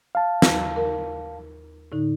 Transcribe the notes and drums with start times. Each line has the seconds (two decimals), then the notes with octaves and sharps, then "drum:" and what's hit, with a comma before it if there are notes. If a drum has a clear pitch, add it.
0.15 F5 A5
0.42 D#2, drum: snare
0.76 A#4
1.92 A2 D3 D#4